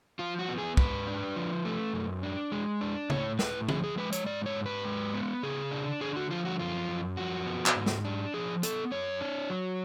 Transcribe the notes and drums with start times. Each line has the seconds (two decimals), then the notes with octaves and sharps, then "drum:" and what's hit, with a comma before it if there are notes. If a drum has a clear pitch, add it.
0.19 F3 F4
0.39 F#4
0.49 B3
0.58 G#4
0.77 G#2 B4, drum: kick
1.07 D4
1.36 F3
1.65 A3
1.94 F#2
2.23 D4
2.52 G#3
2.81 D4
3.10 A2 C#5, drum: tom
3.39 A2 B4, drum: snare
3.69 F3 G#4, drum: tom
3.84 G#4
3.98 G#3 B4
4.12 C#5, drum: hi-hat
4.26 G#2 D5
4.46 C#5
4.55 G#2
4.66 B4
4.85 G#3
5.14 B3
5.43 C#3 G#4
5.71 D4
6.01 D3 G#4
6.16 F#4
6.31 F3 F4
6.45 F#4
6.59 F#2 F4
6.88 F#2
7.17 F3 F#4
7.46 B3
7.66 drum: clap
7.75 G#2
7.86 drum: snare
8.05 D4
8.34 F3 G#4
8.63 B3 A4, drum: hi-hat
8.91 F#2 C#5
9.21 D4
9.50 F#3